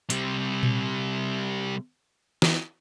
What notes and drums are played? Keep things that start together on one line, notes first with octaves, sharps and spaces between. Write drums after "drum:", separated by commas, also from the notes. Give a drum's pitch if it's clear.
C3 G3, drum: hi-hat
drum: tom A#2
drum: snare